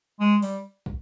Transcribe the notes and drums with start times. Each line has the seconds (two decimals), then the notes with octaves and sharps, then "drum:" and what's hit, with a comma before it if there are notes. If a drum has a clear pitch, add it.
0.20 G#3
0.42 G3, drum: open hi-hat
0.86 drum: kick